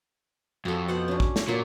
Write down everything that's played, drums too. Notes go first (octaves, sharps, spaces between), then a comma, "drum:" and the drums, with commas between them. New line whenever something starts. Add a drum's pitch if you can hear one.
F2 F#4 A4
B2 C5 F#5
C#4 D4
drum: kick
drum: snare
A#2 F#3 A#3 F4